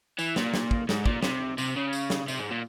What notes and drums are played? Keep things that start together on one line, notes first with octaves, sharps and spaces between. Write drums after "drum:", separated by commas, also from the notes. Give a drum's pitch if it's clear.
E3, drum: tambourine
A#2, drum: snare
drum: snare
drum: kick
G#2, drum: snare
A#2, drum: kick
C3, drum: snare
C3, drum: tambourine
C#3
drum: tambourine
drum: snare
C3, drum: tambourine
G#2
A#2